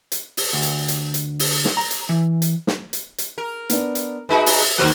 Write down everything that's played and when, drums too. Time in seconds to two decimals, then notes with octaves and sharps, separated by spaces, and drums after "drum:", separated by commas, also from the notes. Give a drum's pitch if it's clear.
0.12 drum: hi-hat
0.37 drum: open hi-hat
0.53 D2
0.63 drum: hi-hat
0.88 drum: hi-hat
1.14 drum: hi-hat
1.39 drum: open hi-hat
1.65 drum: snare
1.77 A#5
1.91 drum: hi-hat
2.09 E3
2.42 drum: hi-hat
2.67 drum: snare
2.93 drum: hi-hat
3.18 drum: hi-hat
3.38 A#4
3.70 B3 D4, drum: hi-hat
3.95 drum: hi-hat
4.29 G#3 D#4 F#4 B4 E5 B5
4.46 drum: open hi-hat
4.78 D#2 F#3 A#3 F#4 C5 F#6